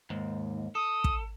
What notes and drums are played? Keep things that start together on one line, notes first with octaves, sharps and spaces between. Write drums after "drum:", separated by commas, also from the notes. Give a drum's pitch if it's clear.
D#2 G#2
A4 D#6
drum: kick